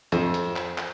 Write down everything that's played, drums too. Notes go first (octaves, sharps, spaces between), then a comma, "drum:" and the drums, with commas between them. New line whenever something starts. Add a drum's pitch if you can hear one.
F2, drum: hi-hat
drum: hi-hat
drum: clap
drum: clap